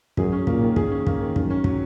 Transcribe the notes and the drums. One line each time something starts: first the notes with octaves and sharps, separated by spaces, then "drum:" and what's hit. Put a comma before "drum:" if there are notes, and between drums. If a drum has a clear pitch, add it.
F#2 G#4, drum: kick
C#4
A#2 A#3, drum: kick
D#3
G#4, drum: kick
C#4
A#3, drum: kick
D#3
F#2 D#3, drum: kick
C#4
F#3, drum: kick